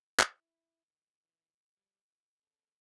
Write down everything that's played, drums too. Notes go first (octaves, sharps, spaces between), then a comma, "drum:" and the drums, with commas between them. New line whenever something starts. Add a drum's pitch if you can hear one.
E4, drum: clap
F#2 A2 D#3
A#2 E3
F3 G3
F4
C#4 G#4 A4